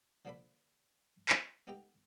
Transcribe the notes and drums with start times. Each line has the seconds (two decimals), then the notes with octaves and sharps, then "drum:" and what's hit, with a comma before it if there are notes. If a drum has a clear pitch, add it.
0.25 D3 F3 A#3 D4 A4 B5
1.29 drum: clap
1.67 B3 D#4 G4 A4 G5 A#5